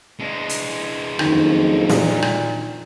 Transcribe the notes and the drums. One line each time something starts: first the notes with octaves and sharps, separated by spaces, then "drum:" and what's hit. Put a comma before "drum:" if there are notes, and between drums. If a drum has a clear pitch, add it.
G#3 D4
drum: hi-hat
F#1 F2 D#3, drum: rim click
A#2, drum: snare
drum: rim click